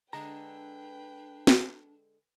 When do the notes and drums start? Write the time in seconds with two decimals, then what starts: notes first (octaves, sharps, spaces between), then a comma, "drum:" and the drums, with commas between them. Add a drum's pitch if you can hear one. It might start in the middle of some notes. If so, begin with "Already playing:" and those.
0.13 D3 G#3 D4 B4 G5 A#5
1.47 drum: snare